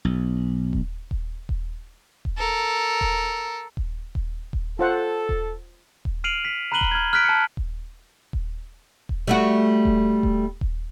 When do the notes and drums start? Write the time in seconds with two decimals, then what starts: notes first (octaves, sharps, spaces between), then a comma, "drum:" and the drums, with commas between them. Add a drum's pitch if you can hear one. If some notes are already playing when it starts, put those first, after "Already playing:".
0.05 B1
0.73 drum: kick D#1
1.11 drum: kick D#1
1.49 drum: kick D#1
2.25 drum: kick D#1
2.38 A4 A#4
3.01 drum: kick D#1
3.77 drum: kick D#1
4.15 drum: kick D#1
4.53 drum: kick D#1
4.79 F4 A4 C5 F#5
5.29 drum: kick D#1
6.05 drum: kick D#1
6.24 F6 C7 D7 D#7 F7 F#7
6.45 B6 C7
6.72 A#5 B5 F#6 D#7 F#7 G7
6.81 drum: kick D#1
6.91 F6 G#6
7.13 F6 F#6 B6 D7
7.25 A5 C#7
7.57 drum: kick D#1
8.33 drum: kick D#1
9.09 drum: kick D#1
9.27 G3 A3 F#4
9.85 drum: kick D#1
10.23 drum: kick D#1
10.61 drum: kick D#1